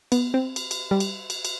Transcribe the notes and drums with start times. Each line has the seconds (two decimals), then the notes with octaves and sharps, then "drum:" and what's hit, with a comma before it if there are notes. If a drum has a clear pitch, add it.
0.12 B3, drum: cymbal
0.34 C4
0.56 drum: cymbal
0.71 drum: cymbal
0.91 G3
1.00 drum: cymbal
1.30 drum: cymbal
1.45 drum: cymbal